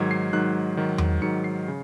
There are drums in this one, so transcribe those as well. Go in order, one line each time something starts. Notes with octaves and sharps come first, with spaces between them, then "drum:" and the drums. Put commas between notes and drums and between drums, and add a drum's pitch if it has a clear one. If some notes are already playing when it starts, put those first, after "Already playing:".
Already playing: G#2 D#3 F#3 G#6
C7
G#2 D#3 F#3 F#6
G#2 D#3 F#3
drum: tom E2
G#2 D#3 F#3 C#7
C7
C#3